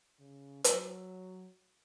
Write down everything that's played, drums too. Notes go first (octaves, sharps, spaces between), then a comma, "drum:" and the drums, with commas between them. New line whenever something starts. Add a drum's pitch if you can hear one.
C#3
F#3, drum: hi-hat